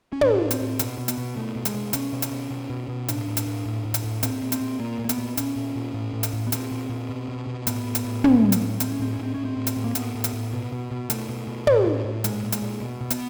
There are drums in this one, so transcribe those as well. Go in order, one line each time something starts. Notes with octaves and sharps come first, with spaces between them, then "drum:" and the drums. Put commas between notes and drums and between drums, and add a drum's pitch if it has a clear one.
C#4
A2 D4, drum: tom
A2
C4, drum: hi-hat
A2
B2, drum: hi-hat
B2
B3, drum: hi-hat
B2
B2 A3
B2
G#3, drum: hi-hat
B2
B2 C#4, drum: hi-hat
B2
drum: hi-hat
B2
B2
B2
B2
A2 D4, drum: hi-hat
A2
drum: hi-hat
A2
A2
A2
drum: hi-hat
A2
A#2 C4, drum: hi-hat
A#2
C4, drum: hi-hat
A#2
A#2 A#3
A#2
A#3
B3, drum: hi-hat
A#2
A#2 C#4, drum: hi-hat
A#2
A#2
A2
A2
drum: hi-hat
A2
B3
A#2 C4, drum: hi-hat
A#2
A#2
B2
B2
B2
A2 B3, drum: hi-hat
A2
drum: hi-hat
A2
A2, drum: tom
A2
drum: hi-hat
A2
A2 C4, drum: hi-hat
C#4
A2 C4
C#4
A2 C4
A2 C#4
C4
A2
drum: hi-hat
A2
A#3
A2 B3, drum: hi-hat
A2
drum: hi-hat
A2
B2
B2
B2
B2 A3, drum: hi-hat
B2
B2
A2, drum: tom
A2
A2
A#2 G#3, drum: hi-hat
A#2
G#3, drum: hi-hat
A#2
B2
B2
B3, drum: hi-hat